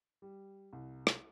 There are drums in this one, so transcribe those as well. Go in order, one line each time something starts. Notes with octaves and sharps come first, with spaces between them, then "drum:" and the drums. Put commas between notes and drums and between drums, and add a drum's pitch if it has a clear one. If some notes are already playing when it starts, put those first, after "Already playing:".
G3
C2
drum: rim click